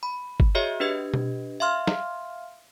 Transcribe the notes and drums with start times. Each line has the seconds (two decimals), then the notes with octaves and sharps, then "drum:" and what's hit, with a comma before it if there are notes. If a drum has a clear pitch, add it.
0.03 B5
0.40 drum: kick G1
0.55 F#4 G#4 C#5 D#5 E5
0.80 D4 G4 B4 D#5 G#6
1.14 drum: tom B2
1.60 E5 F5 C6 F6
1.87 drum: snare